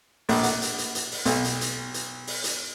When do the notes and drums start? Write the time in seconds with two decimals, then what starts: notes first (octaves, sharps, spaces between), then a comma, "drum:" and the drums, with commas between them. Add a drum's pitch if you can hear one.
0.29 A#1, drum: open hi-hat
0.43 F#5, drum: hi-hat
0.62 drum: hi-hat
0.78 drum: hi-hat
0.95 drum: hi-hat
1.11 drum: open hi-hat
1.25 B1, drum: hi-hat
1.45 drum: hi-hat
1.61 drum: hi-hat
1.94 drum: hi-hat
2.27 drum: open hi-hat
2.44 drum: hi-hat